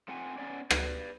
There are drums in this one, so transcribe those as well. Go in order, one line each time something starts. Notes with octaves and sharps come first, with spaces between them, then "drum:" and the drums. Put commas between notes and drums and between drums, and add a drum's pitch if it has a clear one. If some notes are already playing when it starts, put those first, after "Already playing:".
A3 C4 F4 F#5 G#5
B3 C#4 C#5 D5
B4 D5, drum: rim click